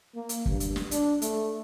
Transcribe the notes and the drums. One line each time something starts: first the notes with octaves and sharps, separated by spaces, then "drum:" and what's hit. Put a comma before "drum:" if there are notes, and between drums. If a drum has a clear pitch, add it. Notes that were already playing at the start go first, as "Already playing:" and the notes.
A#3
drum: hi-hat
G2, drum: kick
drum: hi-hat
drum: snare
D4, drum: hi-hat
A3, drum: hi-hat